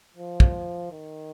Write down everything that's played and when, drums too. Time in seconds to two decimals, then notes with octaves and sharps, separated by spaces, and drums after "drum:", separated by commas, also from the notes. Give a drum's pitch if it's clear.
0.17 F3
0.40 drum: kick
0.92 D#3